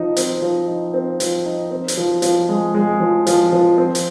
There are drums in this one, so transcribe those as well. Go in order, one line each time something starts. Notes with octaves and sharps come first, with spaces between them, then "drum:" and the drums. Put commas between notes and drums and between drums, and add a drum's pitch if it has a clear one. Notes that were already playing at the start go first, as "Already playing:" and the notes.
Already playing: F3 D#4
C4, drum: hi-hat
F3
D#4
C4
F3, drum: hi-hat
D#4
C4
drum: hi-hat
F3
F3, drum: hi-hat
G#3
G#3
F3
F3, drum: hi-hat
F3
C4
drum: hi-hat